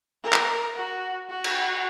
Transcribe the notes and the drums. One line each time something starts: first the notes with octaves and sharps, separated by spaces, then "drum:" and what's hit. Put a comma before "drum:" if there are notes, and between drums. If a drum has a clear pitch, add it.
A#4
drum: clap
F#4
F#4
drum: cymbal